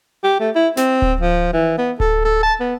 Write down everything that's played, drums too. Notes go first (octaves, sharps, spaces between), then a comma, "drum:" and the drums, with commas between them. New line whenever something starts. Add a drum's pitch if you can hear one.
G4
A3
E4
C4, drum: snare
drum: kick D1
F3
E3
B3
A4, drum: kick D1
A4
A5
B3